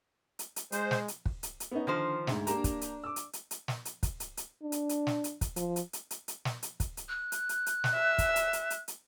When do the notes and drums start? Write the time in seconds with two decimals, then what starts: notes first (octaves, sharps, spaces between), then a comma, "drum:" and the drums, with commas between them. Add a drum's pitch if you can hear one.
0.39 drum: hi-hat
0.56 drum: hi-hat
0.72 G#3 C5, drum: hi-hat
0.91 drum: snare
1.08 drum: hi-hat
1.26 drum: kick
1.43 drum: hi-hat
1.60 drum: hi-hat
1.71 B3 C#4 D#4
1.87 D3 D#3 F3 C5
2.27 D2 G#2, drum: snare
2.47 A#3 D4 G4 A#5, drum: hi-hat
2.64 drum: kick, hi-hat
2.81 drum: hi-hat
3.04 D6 E6
3.16 drum: hi-hat
3.33 drum: hi-hat
3.51 drum: hi-hat
3.68 drum: snare
3.85 drum: hi-hat
4.03 drum: kick, hi-hat
4.20 drum: hi-hat
4.37 drum: hi-hat
4.63 D4
4.72 drum: hi-hat
4.89 drum: hi-hat
5.07 drum: snare
5.24 drum: hi-hat
5.41 drum: kick, hi-hat
5.56 F3, drum: hi-hat
5.76 drum: hi-hat
5.93 drum: hi-hat
6.11 drum: hi-hat
6.28 drum: hi-hat
6.45 drum: snare
6.63 drum: hi-hat
6.80 drum: kick, hi-hat
6.97 drum: hi-hat
7.08 F#6
7.32 drum: hi-hat
7.49 drum: hi-hat
7.66 drum: hi-hat
7.84 drum: snare
7.94 E5
8.18 drum: kick, hi-hat
8.36 drum: hi-hat
8.53 drum: hi-hat
8.70 drum: hi-hat
8.88 drum: hi-hat